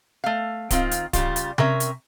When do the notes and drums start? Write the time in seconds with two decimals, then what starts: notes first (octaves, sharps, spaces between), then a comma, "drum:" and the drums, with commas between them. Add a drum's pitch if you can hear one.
0.24 A3 F5
0.71 D#3 C4 F4 F5, drum: kick D1, hi-hat
0.91 drum: hi-hat
1.13 C#3 G3 F4, drum: kick D1, hi-hat
1.36 drum: hi-hat
1.58 C4 C#4 A#4 E5, drum: tom C3
1.80 drum: hi-hat